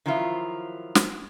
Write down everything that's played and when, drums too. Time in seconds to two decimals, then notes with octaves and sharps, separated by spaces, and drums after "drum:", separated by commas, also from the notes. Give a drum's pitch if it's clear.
0.06 D#3 F3 F#3 E4 F4
0.95 drum: snare